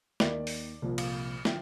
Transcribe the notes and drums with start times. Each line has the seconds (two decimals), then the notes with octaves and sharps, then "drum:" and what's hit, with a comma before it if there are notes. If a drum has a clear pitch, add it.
0.20 D#2 D#3 D5, drum: snare
0.47 drum: open hi-hat
0.82 C2 A#2 F3
0.98 F5, drum: cymbal
1.45 D3 F3 G5, drum: snare